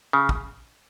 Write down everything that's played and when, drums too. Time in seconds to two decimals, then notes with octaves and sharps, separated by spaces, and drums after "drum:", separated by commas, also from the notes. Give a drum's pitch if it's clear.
0.13 C#3
0.29 drum: kick